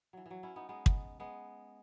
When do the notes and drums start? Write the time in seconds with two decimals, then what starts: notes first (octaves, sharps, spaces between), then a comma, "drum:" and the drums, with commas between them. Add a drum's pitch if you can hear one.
0.13 E3 F#3
0.26 E3 F#3
0.43 C#4 E4
0.56 B3 D#4
0.69 G#3 B3
0.86 drum: kick
1.20 G#3 B3